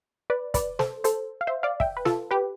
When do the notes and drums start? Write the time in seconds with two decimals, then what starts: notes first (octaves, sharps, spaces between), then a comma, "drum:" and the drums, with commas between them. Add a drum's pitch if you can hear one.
0.30 B4 D5
0.54 B4 D5, drum: kick, hi-hat
0.79 A4 C5, drum: snare
1.04 A4 C5, drum: hi-hat
1.41 F5
1.47 C5 E5
1.63 D5 F5
1.80 E5 G5, drum: kick
1.97 B4
2.05 F4 A4, drum: snare
2.31 G4 B4